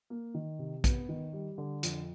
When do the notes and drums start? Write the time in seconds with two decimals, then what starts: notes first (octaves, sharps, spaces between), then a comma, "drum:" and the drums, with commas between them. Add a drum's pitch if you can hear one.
0.10 A#3
0.34 D#3
0.59 C3
0.84 B3, drum: kick A#1, hi-hat
1.09 D#3
1.33 G3
1.58 D3
1.83 F2, drum: hi-hat